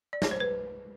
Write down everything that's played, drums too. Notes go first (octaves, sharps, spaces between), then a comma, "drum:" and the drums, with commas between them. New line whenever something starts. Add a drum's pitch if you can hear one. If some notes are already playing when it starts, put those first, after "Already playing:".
D5
C#5, drum: snare
C5
B4